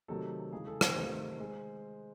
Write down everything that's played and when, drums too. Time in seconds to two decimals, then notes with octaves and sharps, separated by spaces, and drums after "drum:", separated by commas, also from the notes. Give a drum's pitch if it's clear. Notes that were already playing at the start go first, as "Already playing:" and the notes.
0.08 C3 D#3 F#3 A3 A4
0.52 C#3 E3 G#3 G#4
0.67 A4
0.81 C5, drum: rim click
0.96 C3 D#3 A3
1.40 G#3